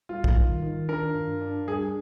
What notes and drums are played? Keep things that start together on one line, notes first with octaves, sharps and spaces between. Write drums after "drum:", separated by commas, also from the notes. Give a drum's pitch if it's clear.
G3 F4
drum: kick
D#3
D#3
D4 A#4
G2
D4
G3 G#4